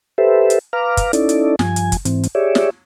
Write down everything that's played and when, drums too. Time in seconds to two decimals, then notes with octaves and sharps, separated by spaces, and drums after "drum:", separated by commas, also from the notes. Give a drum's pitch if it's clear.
0.18 G4 A4 B4 C5 E5
0.50 drum: hi-hat
0.73 B4 F5 A#5 D6 F6
0.97 drum: kick, hi-hat
1.13 C#4 D#4 E4 A4 D5, drum: hi-hat
1.29 drum: hi-hat
1.59 G2 F3 G#5, drum: snare
1.76 drum: hi-hat
1.92 drum: kick, hi-hat
2.05 G#2 E3 C4, drum: hi-hat
2.23 drum: hi-hat
2.35 G4 G#4 C#5 D5 E5
2.55 drum: snare